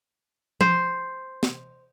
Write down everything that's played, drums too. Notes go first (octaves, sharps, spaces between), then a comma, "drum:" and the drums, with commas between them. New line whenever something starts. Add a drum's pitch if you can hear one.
C5, drum: tom F3
drum: snare